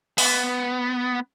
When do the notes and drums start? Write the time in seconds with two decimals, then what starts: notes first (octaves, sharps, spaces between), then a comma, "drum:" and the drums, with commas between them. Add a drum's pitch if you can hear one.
0.18 B3, drum: open hi-hat